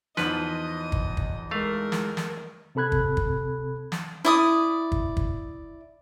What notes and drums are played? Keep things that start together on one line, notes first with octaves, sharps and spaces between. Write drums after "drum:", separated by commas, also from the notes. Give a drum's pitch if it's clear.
E2 F3 D#4 B4 D#5, drum: snare
drum: kick
drum: kick
G#3 A3 A#4 F5
drum: snare
drum: snare
C3 C4 A4 B5 F#6 G#6
drum: kick
drum: kick
drum: snare
E4 D5 D#6
drum: kick
drum: kick